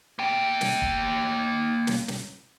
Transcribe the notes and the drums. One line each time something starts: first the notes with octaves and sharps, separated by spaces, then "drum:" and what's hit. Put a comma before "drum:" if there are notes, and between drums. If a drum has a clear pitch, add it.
A#3 G5
drum: snare
drum: kick
drum: snare
drum: snare